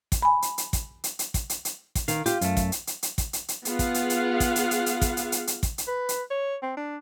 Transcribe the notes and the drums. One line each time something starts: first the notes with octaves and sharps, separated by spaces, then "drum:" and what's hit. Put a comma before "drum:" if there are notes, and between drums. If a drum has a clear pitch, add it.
drum: kick, hi-hat
G#5 B5
drum: hi-hat
drum: hi-hat
drum: kick, hi-hat
drum: hi-hat
drum: hi-hat
drum: kick, hi-hat
drum: hi-hat
drum: hi-hat
drum: kick, hi-hat
D#3 F5, drum: hi-hat
F4 G4, drum: hi-hat
F#2 A3, drum: hi-hat
drum: kick, hi-hat
drum: hi-hat
drum: hi-hat
drum: hi-hat
drum: kick, hi-hat
drum: hi-hat
drum: hi-hat
B3 F4 G#4 F5 F#5, drum: hi-hat
drum: kick, hi-hat
drum: hi-hat
drum: hi-hat
drum: kick, hi-hat
drum: hi-hat
drum: hi-hat
drum: hi-hat
drum: kick, hi-hat
drum: hi-hat
drum: hi-hat
drum: hi-hat
drum: kick, hi-hat
drum: hi-hat
B4
drum: hi-hat
C#5
C4
D4